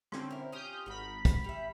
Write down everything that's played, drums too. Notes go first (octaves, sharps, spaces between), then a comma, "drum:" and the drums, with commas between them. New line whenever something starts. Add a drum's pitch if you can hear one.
D3 C4 C#4, drum: rim click
E4 A#4
C#4 F4 G4 D#6 F6 G6
G#1 F#4 A#4 B5
drum: kick, hi-hat
G3 E5